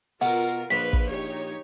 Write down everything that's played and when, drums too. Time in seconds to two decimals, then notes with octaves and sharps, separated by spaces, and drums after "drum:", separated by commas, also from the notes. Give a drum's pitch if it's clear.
0.21 B2 F4 A#4 F#5, drum: open hi-hat
0.70 A#1 F3 B4 B6, drum: hi-hat
0.93 drum: kick
1.07 D#4 G4 C#5